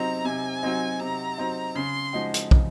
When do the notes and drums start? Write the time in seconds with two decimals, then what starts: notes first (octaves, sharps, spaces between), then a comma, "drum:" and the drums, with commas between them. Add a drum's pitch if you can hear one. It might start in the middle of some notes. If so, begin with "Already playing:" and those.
Already playing: C3 F#3 C4 D#4 A#5
0.25 C3 G#5
0.63 F#3 C4 D#4
1.00 C3 A#5
1.38 F#3 C4 D#4
1.75 C#3 C6
2.13 F3 G#3 D#4 F#4
2.34 drum: hi-hat
2.51 C#3, drum: kick